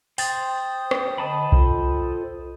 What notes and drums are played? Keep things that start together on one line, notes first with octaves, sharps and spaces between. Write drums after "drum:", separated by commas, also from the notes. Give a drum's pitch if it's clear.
C5 G5 D#6 A6, drum: open hi-hat
drum: rim click
D3 D#5 A5 B5
F4 A4 C5, drum: kick B1